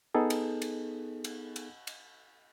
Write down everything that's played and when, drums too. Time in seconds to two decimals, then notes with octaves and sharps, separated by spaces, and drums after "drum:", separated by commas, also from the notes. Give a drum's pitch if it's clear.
0.15 B3 D#4 G#4 A4
0.30 drum: cymbal
0.62 drum: cymbal
1.24 drum: cymbal
1.56 drum: cymbal
1.87 drum: cymbal